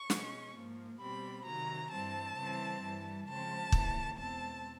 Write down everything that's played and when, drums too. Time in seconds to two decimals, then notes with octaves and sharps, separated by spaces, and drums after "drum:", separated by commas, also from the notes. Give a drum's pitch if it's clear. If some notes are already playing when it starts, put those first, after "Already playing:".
Already playing: C#6
0.10 B2 G#3 C#4, drum: snare
0.55 G#2 F3 A#3
1.00 B2 G3 C4 B5
1.45 C3 D#3 F#3 A#5
1.91 G2 E3 G3 C4 A5
2.37 C#3 E3 G3 C4
2.83 G2 E3 G3
3.27 C#3 F3 G#3 C4 A5
3.72 D#2 C#3 E3, drum: kick
4.18 E2 B2 G#3 C4 A5